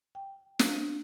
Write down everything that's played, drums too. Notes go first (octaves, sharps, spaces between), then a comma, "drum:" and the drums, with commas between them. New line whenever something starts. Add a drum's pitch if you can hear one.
G5
D4, drum: snare